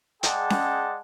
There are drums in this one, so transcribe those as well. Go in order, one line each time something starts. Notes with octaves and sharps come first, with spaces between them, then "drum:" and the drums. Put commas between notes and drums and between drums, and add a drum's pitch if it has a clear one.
G#3 G#4 D5 F#5 G5 A5, drum: hi-hat
drum: snare C#4